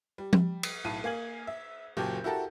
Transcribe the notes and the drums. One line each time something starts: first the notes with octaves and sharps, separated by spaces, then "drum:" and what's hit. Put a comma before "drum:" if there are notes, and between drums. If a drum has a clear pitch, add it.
G3
drum: tom F3
drum: cymbal
B1 A2 A5 D#7
A#3 F5 G#5 G#6 F#7
E5
F#1 A#2 F#3 G4 A5 G6
E4 F#4 G4 A4 A#4 A5